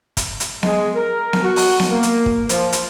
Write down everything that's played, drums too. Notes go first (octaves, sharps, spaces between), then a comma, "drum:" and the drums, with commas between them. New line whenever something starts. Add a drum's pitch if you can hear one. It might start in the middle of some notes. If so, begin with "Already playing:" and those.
drum: kick, hi-hat
drum: hi-hat
G#3, drum: snare B3
A#4
drum: snare B3
F#4
drum: open hi-hat
drum: snare B3
A#3
drum: hi-hat
drum: kick
F3, drum: hi-hat
drum: hi-hat